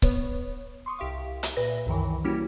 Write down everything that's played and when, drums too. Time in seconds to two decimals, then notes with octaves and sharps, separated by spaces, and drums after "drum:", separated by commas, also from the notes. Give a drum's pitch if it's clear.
0.02 B3 B4 C#5, drum: kick C#1
0.86 C6 C#6 D#6
0.99 C2 G4 E5 F5
1.43 drum: hi-hat
1.57 A#2 B4 E5 A#6
1.86 C2 F#2 D#3 E3
2.24 G3 A#3 C#4 E4 F#4 G4